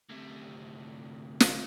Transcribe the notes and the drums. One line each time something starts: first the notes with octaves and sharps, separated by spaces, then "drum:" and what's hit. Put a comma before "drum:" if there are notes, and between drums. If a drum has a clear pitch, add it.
D2 C3
drum: snare